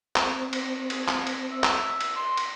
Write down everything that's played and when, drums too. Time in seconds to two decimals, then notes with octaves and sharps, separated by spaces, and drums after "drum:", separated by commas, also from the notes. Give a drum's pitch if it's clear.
0.16 C4, drum: clap
0.53 drum: cymbal
0.90 G#4, drum: cymbal
1.08 drum: clap
1.27 drum: cymbal
1.51 E5
1.64 drum: clap
2.01 drum: cymbal
2.16 C6
2.37 drum: cymbal